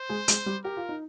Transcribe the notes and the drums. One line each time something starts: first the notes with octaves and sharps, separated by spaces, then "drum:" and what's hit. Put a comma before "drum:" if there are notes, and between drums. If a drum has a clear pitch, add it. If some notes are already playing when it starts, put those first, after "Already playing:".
Already playing: C5
G#3 G#4
G#3 G#4, drum: hi-hat
G3 G4
G4 A#4
F4
D#4